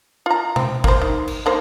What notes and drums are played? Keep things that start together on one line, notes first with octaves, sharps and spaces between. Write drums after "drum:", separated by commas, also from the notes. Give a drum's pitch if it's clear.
F4 A#5
C4, drum: tom B2
A#3 C5, drum: kick
D#3
drum: cymbal
D#3 A#3 C5